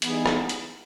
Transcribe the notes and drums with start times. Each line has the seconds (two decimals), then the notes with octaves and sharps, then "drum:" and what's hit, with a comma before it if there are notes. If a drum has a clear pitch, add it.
0.02 E3 G3 B3 D#4 G#4, drum: hi-hat
0.26 drum: rim click
0.49 drum: hi-hat